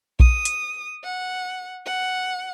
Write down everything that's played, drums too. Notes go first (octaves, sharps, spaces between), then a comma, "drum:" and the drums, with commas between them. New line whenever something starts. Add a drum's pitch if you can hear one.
D#6, drum: kick A#1
drum: hi-hat
F#5
F#5